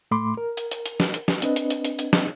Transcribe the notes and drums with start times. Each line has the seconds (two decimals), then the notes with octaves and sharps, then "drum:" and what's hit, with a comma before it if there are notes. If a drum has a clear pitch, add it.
0.11 A2 A3 B5 C6 D6
0.37 A#4
0.57 drum: hi-hat
0.71 drum: hi-hat
0.86 drum: hi-hat
1.00 drum: snare
1.14 drum: hi-hat
1.28 drum: snare
1.42 C4 D4 B4 D#5, drum: hi-hat
1.56 drum: hi-hat
1.70 drum: hi-hat
1.85 drum: hi-hat
1.99 drum: hi-hat
2.13 drum: snare